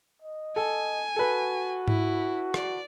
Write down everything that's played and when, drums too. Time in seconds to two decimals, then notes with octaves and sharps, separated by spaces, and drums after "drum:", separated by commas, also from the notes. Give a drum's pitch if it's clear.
0.22 D#5
0.56 A4 G#5
1.16 F#4 A4 B4
1.88 E4, drum: tom G#2
2.54 D5, drum: rim click